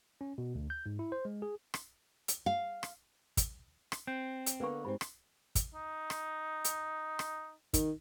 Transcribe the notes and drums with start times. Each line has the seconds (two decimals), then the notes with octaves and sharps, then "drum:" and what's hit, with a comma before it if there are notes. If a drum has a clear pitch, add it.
0.21 C#4
0.38 B2
0.55 D2
0.70 G6
0.86 G#2
0.99 E4
1.12 C5
1.25 G#3
1.42 G#4
1.74 drum: rim click
2.28 drum: hi-hat
2.46 F5
2.83 drum: rim click
3.37 drum: kick, hi-hat
3.92 drum: rim click
4.07 C4 G6
4.46 drum: hi-hat
4.60 D3 A#3 B3 B4 C#6
4.85 G#2 C4 G4 B5
5.01 drum: rim click
5.55 drum: kick, hi-hat
5.75 D#4
6.10 drum: rim click
6.64 drum: hi-hat
7.19 drum: rim click
7.74 D#3, drum: kick, hi-hat